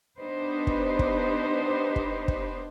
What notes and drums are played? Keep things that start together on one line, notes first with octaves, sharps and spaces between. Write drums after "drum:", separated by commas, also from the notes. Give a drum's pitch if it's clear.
B3 D4 D#4 G4 B4 C5
drum: kick
drum: kick
drum: kick
drum: kick